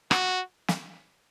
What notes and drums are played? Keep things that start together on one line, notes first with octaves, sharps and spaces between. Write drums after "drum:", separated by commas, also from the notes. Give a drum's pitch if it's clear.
F#4, drum: rim click
drum: snare